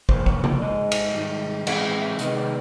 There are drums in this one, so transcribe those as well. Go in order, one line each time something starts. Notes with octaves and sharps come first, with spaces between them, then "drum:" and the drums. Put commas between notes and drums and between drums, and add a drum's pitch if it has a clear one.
D2 C3 F3 A#3 C5, drum: kick
C#5, drum: kick
D5, drum: tom C#3
G#2 D#3 G#3 D#5
drum: cymbal
G#2 D#3 G3
A2 E3 G#3 C4 E5, drum: cymbal
E5
E5
C3 D#3 G#3 B3 D#5, drum: hi-hat
D5